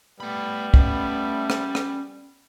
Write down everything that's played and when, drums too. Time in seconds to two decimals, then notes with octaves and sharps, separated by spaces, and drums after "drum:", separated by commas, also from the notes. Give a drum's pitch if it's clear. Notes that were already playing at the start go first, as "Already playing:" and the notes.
0.20 G3 A3 B3 B5
0.74 A3 C#4 D#5, drum: kick
1.50 drum: rim click
1.75 drum: rim click